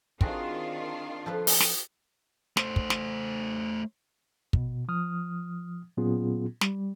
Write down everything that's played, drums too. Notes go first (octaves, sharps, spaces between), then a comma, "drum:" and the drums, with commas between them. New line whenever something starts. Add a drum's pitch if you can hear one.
D#3 C4 D4 F4 F#4 G#4, drum: kick
F3 A4 B4
drum: open hi-hat
drum: snare
A3 C5, drum: snare
drum: kick
drum: snare
B2, drum: kick
F3 D#6 F6
A#2 F#3 B3 C#4 F4 G#4
G3, drum: snare